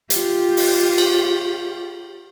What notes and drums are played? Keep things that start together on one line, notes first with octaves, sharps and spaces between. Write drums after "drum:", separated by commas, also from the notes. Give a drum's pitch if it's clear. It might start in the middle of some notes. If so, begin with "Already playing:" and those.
F4 G4, drum: hi-hat
drum: open hi-hat
drum: cymbal